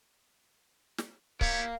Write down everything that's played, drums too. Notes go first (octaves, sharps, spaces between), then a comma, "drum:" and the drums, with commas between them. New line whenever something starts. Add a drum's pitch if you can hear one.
drum: snare
E4 G4 A#4 C#5 F5, drum: kick C#1